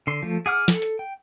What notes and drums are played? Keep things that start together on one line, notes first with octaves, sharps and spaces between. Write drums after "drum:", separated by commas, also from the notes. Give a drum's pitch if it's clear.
D3 C6
F3 A3
G#4 F#5 D6 F6
A4, drum: snare
drum: hi-hat
G5